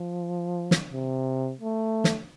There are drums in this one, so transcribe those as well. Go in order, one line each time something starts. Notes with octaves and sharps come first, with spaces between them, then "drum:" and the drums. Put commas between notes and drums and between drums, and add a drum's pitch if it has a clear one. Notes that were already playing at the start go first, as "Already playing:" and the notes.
Already playing: F3
drum: snare
C3
A3
drum: snare